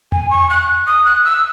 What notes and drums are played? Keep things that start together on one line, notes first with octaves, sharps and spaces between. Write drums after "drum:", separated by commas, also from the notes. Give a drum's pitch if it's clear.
G#5, drum: tom E2
C#6
F#6
D#6
F#6
E6